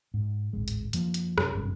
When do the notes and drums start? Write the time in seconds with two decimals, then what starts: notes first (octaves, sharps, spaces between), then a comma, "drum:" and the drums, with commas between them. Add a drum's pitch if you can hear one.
0.14 G#2
0.53 D1 G#1 G#3
0.68 drum: hi-hat
0.93 F#2 F3 A#3, drum: hi-hat
1.14 drum: hi-hat
1.38 C2 F#2, drum: rim click
1.55 G1 G2 C3